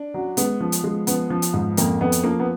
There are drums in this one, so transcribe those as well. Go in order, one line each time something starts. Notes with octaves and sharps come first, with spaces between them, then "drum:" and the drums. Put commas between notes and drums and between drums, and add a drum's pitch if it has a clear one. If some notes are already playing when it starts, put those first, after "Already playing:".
Already playing: D4
F#3
G#3 B3, drum: hi-hat
F3
drum: hi-hat
G#3
F3 B3, drum: hi-hat
F3
drum: hi-hat
G#2
F2 A#3, drum: hi-hat
F2 B3
drum: hi-hat
F3 A#3
B3